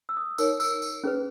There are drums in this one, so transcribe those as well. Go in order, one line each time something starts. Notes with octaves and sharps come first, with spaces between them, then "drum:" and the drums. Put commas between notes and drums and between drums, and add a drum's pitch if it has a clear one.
E6
D#6
D#4 A#4 C#5 E6, drum: tambourine
E6, drum: tambourine
drum: tambourine
C#4 G#4 B4